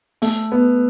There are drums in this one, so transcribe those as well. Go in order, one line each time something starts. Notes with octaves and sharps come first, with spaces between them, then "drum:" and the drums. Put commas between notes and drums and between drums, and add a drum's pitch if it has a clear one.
A3, drum: open hi-hat
B3